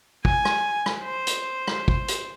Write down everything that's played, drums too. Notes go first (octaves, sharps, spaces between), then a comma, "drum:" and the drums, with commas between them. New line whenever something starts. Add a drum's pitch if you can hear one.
G#5, drum: kick
drum: rim click
drum: rim click
C5
drum: hi-hat
drum: rim click
drum: kick
drum: hi-hat